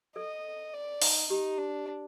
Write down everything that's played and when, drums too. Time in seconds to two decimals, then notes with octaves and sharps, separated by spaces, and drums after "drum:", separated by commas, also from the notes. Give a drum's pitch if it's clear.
0.16 A4 D#5
0.73 D5
1.02 D#4, drum: open hi-hat
1.30 D#4 G4
1.58 D4